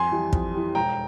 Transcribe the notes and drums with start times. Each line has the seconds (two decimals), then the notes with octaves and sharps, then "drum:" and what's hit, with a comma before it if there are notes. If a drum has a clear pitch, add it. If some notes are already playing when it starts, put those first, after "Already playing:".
Already playing: F2 G#5 C6
0.12 E3 G3
0.33 F2, drum: kick
0.54 E3 G3
0.75 E1 G5 A#5